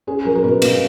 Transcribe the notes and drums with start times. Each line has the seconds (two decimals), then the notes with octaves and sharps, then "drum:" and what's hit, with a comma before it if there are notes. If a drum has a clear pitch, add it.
0.07 C#4 G#4
0.25 F#3 A#4
0.35 A#4
0.44 B2 B4
0.62 B2, drum: cymbal